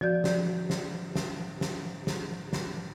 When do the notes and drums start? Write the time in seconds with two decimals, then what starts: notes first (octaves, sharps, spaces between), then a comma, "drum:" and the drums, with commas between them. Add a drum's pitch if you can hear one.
0.01 F3 F#4 D5 G6
0.24 drum: snare
0.70 drum: snare
1.16 drum: snare
1.61 drum: snare
2.07 drum: snare
2.53 drum: snare